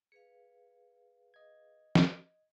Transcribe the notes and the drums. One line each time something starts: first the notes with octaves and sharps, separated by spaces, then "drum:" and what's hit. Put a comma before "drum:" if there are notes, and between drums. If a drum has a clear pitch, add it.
G#4 B4 F5 C#7
D#5 G#6
drum: snare